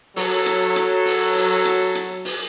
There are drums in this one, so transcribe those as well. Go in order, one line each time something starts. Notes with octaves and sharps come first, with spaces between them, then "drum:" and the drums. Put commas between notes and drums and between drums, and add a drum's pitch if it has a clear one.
F#3 A4, drum: open hi-hat
drum: hi-hat
drum: hi-hat
drum: open hi-hat
drum: open hi-hat
drum: hi-hat
drum: hi-hat
drum: open hi-hat